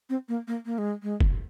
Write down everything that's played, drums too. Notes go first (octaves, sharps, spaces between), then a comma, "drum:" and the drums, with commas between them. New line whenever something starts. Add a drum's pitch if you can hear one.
C4
A#3
A#3
A#3
G#3
G#3
drum: kick F#1